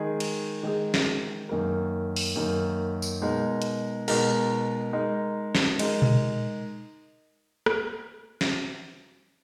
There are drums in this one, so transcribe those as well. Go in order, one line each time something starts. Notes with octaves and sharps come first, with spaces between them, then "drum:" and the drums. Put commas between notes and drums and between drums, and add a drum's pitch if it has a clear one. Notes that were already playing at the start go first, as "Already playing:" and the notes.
Already playing: D#3 G#3 D#4 G#4
drum: cymbal
D#3 G#3 D#4 G#4
drum: snare
F#2 D#3 A#3
drum: open hi-hat
F#2 D#3 A#3
drum: tambourine
B2 G#3 D#4 A#4
drum: hi-hat
B2 G#3 D#4 A#4, drum: cymbal
G#3 D#4 A#4
drum: snare
G#3 D#4 A#4, drum: cymbal
drum: tom A#2
drum: rim click
drum: snare